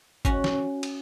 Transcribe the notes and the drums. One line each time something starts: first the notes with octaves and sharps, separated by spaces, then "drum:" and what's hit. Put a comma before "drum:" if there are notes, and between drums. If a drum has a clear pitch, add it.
C#4 F#4, drum: kick G#1
drum: snare
drum: cymbal